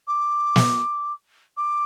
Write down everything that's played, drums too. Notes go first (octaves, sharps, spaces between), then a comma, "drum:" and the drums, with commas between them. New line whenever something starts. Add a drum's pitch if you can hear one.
D6
drum: snare
D6